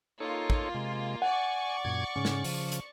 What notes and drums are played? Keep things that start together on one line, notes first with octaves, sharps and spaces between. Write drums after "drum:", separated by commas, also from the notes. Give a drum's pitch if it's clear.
A#3 D#4 F4 A4 C#5
drum: kick
C3 G#3
D5 F#5 G#5 C#6
F#2 A#2 G#6
G#2 C#3 C#4
drum: snare
C#3 F3, drum: open hi-hat
drum: hi-hat